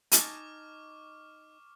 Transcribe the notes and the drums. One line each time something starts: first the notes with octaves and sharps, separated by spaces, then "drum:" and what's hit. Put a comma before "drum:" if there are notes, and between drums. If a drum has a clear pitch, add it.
D#4 G#5 A5 C#6 D6 F6, drum: hi-hat